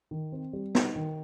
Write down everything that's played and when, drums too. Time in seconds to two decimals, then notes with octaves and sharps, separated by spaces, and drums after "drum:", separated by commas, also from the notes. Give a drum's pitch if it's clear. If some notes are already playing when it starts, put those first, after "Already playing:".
0.11 D#3
0.32 C4
0.53 G3
0.75 D#4, drum: snare
0.96 D#3